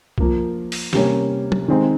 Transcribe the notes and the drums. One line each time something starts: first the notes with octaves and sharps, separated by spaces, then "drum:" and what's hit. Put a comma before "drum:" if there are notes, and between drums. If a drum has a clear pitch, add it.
F3 A#3 F4, drum: kick
drum: open hi-hat
C3 G3 A#3 C#4, drum: snare
drum: tom F#3
D#3 G#3 C4 D#4